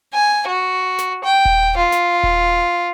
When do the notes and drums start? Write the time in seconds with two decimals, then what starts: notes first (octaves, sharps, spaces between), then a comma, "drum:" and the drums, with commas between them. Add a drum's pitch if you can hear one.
0.13 G#5
0.47 F#4
0.99 drum: snare
1.24 G5
1.45 drum: kick D#1
1.77 F4
1.92 drum: snare
2.23 drum: kick D#1